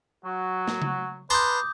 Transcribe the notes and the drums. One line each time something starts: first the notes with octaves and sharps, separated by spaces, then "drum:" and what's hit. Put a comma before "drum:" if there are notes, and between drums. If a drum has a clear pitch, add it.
F#3 F#4
drum: snare
drum: tom C#3
B4 A5 A#5 C6 D6 D#6 G6